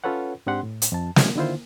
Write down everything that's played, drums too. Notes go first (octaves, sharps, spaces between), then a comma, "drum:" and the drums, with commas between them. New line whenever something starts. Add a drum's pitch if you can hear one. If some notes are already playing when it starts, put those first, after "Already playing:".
C#4 F4 A4 B4 C#5 F#5
G#2 C4 D4 G4 F#5 C6
A2
drum: hi-hat
F2 A5
C3 E3 F#3 G#3 A3 C#4, drum: snare
D3 D#3 E4 F4 C5